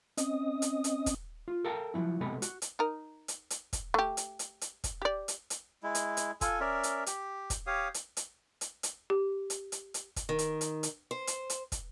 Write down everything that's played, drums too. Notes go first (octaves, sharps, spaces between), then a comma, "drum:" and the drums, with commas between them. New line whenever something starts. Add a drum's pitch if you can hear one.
C4 C#4 D#5 D#6, drum: hi-hat
drum: hi-hat
drum: hi-hat
drum: kick, hi-hat
F4
A4 A#4 F5 G5 A5 A#5
F3 F#3 G#3 A3 E4
B1 C3 G#3 B3 A4 B5
F#4, drum: hi-hat
drum: hi-hat
D#4 A#4
drum: hi-hat
drum: hi-hat
drum: kick, hi-hat
A3 G4
drum: hi-hat
drum: hi-hat
drum: hi-hat
drum: kick, hi-hat
G4 D5
drum: hi-hat
drum: hi-hat
G#3 E4
drum: hi-hat
drum: hi-hat
F4 A4 G#5, drum: kick, hi-hat
C#4 A#4 D5 E5
drum: hi-hat
G4, drum: hi-hat
drum: kick, hi-hat
G4 C#5 F5 D#6
drum: hi-hat
drum: hi-hat
drum: hi-hat
drum: hi-hat
G4
drum: hi-hat
drum: hi-hat
drum: hi-hat
drum: kick, hi-hat
D#3
drum: hi-hat
drum: hi-hat
drum: hi-hat
C5
drum: hi-hat
drum: hi-hat
drum: kick, hi-hat